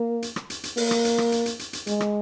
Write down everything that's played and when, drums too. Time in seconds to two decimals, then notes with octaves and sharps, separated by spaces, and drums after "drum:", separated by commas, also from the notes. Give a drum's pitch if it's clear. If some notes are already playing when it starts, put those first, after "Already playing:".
Already playing: A#3
0.22 drum: hi-hat
0.36 drum: rim click
0.50 drum: hi-hat
0.64 drum: hi-hat
0.77 A#3, drum: open hi-hat
0.91 drum: rim click
1.05 drum: hi-hat
1.18 drum: rim click
1.32 drum: hi-hat
1.46 drum: hi-hat
1.59 drum: hi-hat
1.73 drum: hi-hat
1.87 G#3, drum: hi-hat
2.00 drum: rim click